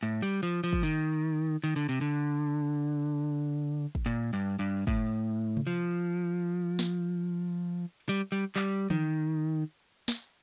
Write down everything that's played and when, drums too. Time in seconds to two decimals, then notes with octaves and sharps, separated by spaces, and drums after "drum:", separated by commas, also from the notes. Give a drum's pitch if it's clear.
0.03 A2
0.22 G3
0.43 F3
0.64 F3
0.73 drum: kick
0.83 D#3
1.64 D#3
1.76 D3
1.89 C3
2.01 D3
3.95 drum: kick
4.06 A#2
4.33 G2
4.59 G2, drum: hi-hat
4.87 A2, drum: kick
5.57 drum: tom C3
5.67 F3
6.79 drum: snare
8.09 G3
8.32 G3
8.56 G3, drum: clap
8.90 D#3, drum: tom E3
10.08 drum: snare